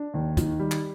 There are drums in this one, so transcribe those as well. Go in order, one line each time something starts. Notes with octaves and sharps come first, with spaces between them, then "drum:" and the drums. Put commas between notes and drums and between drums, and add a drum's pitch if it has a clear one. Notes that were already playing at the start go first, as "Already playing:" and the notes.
Already playing: D4
D#2
D#3, drum: kick, hi-hat
G3
drum: clap